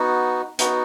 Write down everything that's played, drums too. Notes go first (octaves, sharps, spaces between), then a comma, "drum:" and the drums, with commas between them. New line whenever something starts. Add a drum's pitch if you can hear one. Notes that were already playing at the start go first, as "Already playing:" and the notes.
Already playing: B3 D#4 F#4
B3 D#4 F#4, drum: hi-hat